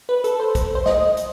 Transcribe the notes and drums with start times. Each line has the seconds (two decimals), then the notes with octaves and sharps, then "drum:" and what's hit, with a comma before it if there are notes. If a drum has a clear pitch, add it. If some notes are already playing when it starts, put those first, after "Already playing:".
0.09 B4
0.24 A4, drum: hi-hat
0.40 C5
0.55 drum: kick, hi-hat
0.75 C5
0.86 D#5, drum: snare
1.17 drum: hi-hat